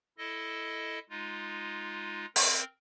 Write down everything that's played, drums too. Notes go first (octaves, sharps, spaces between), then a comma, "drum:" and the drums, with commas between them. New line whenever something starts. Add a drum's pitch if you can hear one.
E4 A4 D#5
G#3 D#4 F4
C4 A#4 G5, drum: open hi-hat